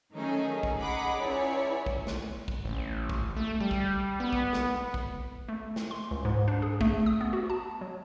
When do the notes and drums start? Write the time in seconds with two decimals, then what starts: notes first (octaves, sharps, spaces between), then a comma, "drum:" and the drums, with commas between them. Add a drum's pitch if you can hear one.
0.13 D#3 F#3 A3 C#4 D#4 G#4
0.63 drum: kick
0.79 G#4 D#5 F#5 A#5 B5 D6
1.19 C#2 C#4 E4 C#5 D5
1.86 drum: kick
2.07 drum: snare
2.48 drum: kick
2.65 A1
3.10 drum: kick
3.36 A3
3.60 G3
3.71 drum: kick
4.20 B3
4.33 drum: kick
4.53 drum: snare
4.94 drum: kick
5.49 A3
5.76 drum: snare
5.91 C6
6.11 C#2
6.25 G#2
6.48 D4
6.62 G#4
6.81 A3, drum: kick
7.06 D#6
7.21 B3
7.33 F#4
7.50 A5
7.81 F#3